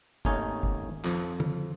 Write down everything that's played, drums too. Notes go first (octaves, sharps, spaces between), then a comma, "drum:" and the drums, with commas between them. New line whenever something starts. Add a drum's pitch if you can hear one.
G#1 D#2 A3 C#4 D#4 G#5, drum: kick
drum: kick
F2 F3, drum: clap
drum: tom D3